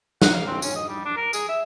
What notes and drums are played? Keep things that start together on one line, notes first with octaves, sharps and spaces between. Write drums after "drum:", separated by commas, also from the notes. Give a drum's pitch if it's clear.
F#5, drum: snare
F5
C4
C#4, drum: tambourine
D#5
G3
D4
A#4
G#4, drum: tambourine
E5